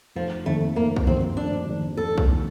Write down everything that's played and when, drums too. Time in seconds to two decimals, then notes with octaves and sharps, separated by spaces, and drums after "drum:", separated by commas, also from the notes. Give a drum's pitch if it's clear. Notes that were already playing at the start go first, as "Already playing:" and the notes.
0.16 F1 F3
0.46 F2 D#3 A3 A#3
0.76 F1 A#3
0.96 drum: kick B1
1.06 F2 D#3 A#3 C4
1.17 drum: tom F#2
1.37 F1 D4
1.67 F2 D#3 A#3
1.97 F1 A4
2.18 drum: kick B1
2.28 D#3 A#3